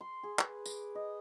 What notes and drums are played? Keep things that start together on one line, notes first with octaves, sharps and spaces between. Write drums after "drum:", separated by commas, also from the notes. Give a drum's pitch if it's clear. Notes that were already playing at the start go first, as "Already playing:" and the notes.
C6
G#4
B4, drum: clap
D6, drum: tambourine
D#5